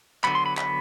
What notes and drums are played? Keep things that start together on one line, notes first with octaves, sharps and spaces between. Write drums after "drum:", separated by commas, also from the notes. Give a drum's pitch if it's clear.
D3 F#3 B3 B5, drum: clap
C6
B5
B5, drum: clap